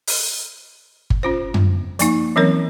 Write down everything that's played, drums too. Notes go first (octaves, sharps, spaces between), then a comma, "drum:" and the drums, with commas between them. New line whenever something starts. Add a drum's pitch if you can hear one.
drum: open hi-hat
drum: kick G1
C#4 F4 C5
drum: tom F#2
F3 A#3 D#4, drum: hi-hat
E3 F#3 C4 C#4 A#4 C#5